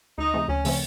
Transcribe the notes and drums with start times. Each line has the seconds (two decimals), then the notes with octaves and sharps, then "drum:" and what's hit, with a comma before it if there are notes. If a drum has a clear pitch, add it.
0.18 D2 D#4
0.34 C#3 F3 A3 C4
0.48 D2 C#4
0.65 C#3 F3 A3 C4, drum: open hi-hat